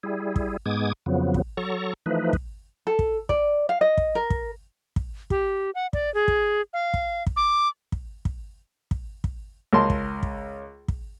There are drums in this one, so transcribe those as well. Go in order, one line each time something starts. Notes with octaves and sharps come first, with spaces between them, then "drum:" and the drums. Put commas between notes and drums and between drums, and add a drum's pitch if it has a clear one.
G3 E4 G#4
drum: kick
G#2 G#3 B3 D6 D#6 G#6
F2 C#3 F3 F#3 B3
drum: kick
F#3 A4 A#5 C#6
E3 F3 A3 D#4 B4
drum: kick
A4
drum: kick
D5, drum: kick
F5
D#5
drum: kick
A#4
drum: kick
drum: kick
G4, drum: kick
F#5
D5, drum: kick
G#4
drum: kick
F5
drum: kick
drum: kick
D6
drum: kick
drum: kick
drum: kick
drum: kick
C#2 A#4 A5 C6
drum: kick
drum: kick
drum: kick